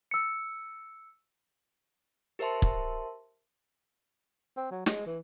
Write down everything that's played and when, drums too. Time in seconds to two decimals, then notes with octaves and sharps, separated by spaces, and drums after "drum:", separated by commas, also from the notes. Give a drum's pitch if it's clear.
0.11 E6 C#7
2.39 G4 A#4 C5 E5 A5 C6
2.62 drum: kick
4.57 C4
4.71 F#3
4.86 G#3, drum: snare
5.06 E3